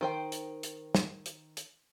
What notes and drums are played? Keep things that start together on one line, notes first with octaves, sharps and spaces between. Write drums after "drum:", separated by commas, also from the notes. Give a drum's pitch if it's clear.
D#3 C5 G5
drum: hi-hat
drum: hi-hat
drum: snare
drum: hi-hat
drum: hi-hat